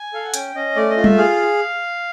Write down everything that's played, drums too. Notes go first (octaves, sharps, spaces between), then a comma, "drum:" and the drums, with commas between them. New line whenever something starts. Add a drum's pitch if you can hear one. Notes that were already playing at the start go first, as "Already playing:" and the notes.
Already playing: G#5
A4 F5
F#5
C#4 G5, drum: hi-hat
C#4 D#5
A3 D5
D#5
F4
E5, drum: tom G3
G#4 F5